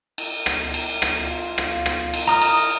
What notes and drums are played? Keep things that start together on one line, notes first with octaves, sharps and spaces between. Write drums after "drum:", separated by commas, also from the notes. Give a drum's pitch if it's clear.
drum: cymbal
drum: rim click
drum: cymbal
drum: rim click
F4
drum: rim click
drum: rim click
drum: cymbal
A#5 D#6 F6
drum: cymbal